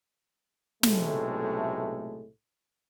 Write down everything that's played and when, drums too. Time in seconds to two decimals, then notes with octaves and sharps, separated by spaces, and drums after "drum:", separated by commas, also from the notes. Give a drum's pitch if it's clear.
0.83 B1 A2 C3 G#3 A3, drum: snare